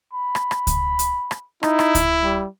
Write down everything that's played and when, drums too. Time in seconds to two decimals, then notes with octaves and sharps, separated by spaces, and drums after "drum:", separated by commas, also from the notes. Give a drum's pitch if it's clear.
0.14 B5
0.35 drum: rim click
0.51 drum: rim click
0.67 drum: kick C#2, hi-hat
0.99 drum: hi-hat
1.31 drum: rim click
1.63 D#4 E4, drum: rim click
1.79 drum: rim click
1.95 drum: kick C#2, hi-hat
2.23 G3